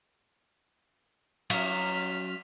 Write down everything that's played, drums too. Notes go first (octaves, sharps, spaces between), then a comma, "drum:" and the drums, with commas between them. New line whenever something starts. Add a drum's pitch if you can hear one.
F#3 C#4 F5 F6 B6, drum: cymbal